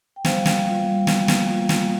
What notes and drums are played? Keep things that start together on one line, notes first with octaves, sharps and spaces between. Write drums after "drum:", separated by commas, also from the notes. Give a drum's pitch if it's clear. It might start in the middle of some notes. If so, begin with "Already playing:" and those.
G5
G3 C5 F5, drum: snare
A#3, drum: snare
F4
G3
G3, drum: snare
A#3, drum: snare
F4
G3, drum: snare